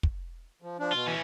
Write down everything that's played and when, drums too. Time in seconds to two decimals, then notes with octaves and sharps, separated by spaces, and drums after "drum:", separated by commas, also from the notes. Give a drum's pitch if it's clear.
0.03 drum: kick
0.62 F3
0.79 F3 D4
0.93 B2 F4
1.08 E3 C#4